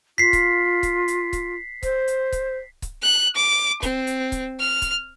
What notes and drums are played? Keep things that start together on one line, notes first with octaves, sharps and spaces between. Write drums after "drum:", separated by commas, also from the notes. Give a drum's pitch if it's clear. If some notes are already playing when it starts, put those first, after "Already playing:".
F4 B6 C7
drum: kick C#1, hi-hat
drum: kick C#1, hi-hat
drum: hi-hat
drum: kick C#1, hi-hat
C5, drum: kick C#1, hi-hat
drum: hi-hat
drum: kick C#1, hi-hat
drum: kick C#1, hi-hat
F#6
D6
C4, drum: kick C#1, hi-hat
drum: hi-hat
drum: kick C#1, hi-hat
F6
drum: kick C#1, hi-hat